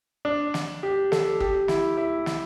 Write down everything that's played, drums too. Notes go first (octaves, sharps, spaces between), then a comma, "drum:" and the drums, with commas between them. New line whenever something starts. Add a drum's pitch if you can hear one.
D4
drum: snare
G4
A4, drum: snare
G4, drum: kick
E4, drum: snare
E4
drum: snare